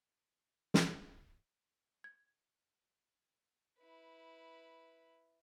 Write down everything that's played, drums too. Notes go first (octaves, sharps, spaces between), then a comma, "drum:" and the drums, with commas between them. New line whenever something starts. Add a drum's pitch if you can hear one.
drum: snare
G#6
E4 B4